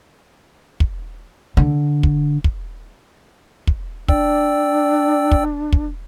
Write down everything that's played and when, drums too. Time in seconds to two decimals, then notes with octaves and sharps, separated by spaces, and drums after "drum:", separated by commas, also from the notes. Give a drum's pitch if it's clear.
0.80 drum: kick
1.57 D3
2.03 drum: kick
2.44 drum: kick
3.67 drum: kick
4.08 D4 D5 G5 E6, drum: kick
5.31 drum: kick
5.72 drum: kick